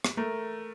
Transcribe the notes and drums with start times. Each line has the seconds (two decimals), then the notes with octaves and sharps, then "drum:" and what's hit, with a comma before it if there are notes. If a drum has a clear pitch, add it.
0.04 drum: rim click
0.17 A3 A#4